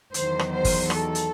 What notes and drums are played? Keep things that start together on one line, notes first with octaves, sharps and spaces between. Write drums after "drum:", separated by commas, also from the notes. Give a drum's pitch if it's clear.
E2 D#3 F#3 C5, drum: hi-hat
drum: rim click
C5
drum: kick, open hi-hat
A4, drum: rim click
drum: hi-hat